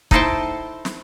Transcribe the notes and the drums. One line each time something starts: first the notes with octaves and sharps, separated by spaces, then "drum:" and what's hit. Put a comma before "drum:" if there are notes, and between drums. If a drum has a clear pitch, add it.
D#4 E4 A4 C5 G5 A5, drum: kick
drum: snare